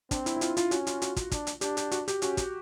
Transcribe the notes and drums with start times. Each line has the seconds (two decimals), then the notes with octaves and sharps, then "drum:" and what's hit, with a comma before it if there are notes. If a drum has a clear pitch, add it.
0.11 C4 D4, drum: kick, hi-hat
0.26 E4, drum: hi-hat
0.36 E4
0.41 F4, drum: hi-hat
0.57 F4, drum: hi-hat
0.71 C#4 F#4, drum: hi-hat
0.87 F4, drum: hi-hat
1.02 F#4, drum: hi-hat
1.16 drum: kick, hi-hat
1.31 D4, drum: kick, hi-hat
1.47 drum: hi-hat
1.61 D4 G4, drum: hi-hat
1.77 G4, drum: hi-hat
1.91 F#4, drum: hi-hat
2.08 G4, drum: hi-hat
2.22 C#4 F#4, drum: hi-hat
2.37 drum: kick, hi-hat